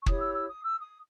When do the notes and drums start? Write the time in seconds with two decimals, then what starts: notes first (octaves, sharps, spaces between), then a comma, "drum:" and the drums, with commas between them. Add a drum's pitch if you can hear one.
0.01 C#6
0.06 E4 G4 C#5 D#6, drum: kick
0.21 E6
0.34 E6
0.48 D#6
0.62 E6
0.81 D#6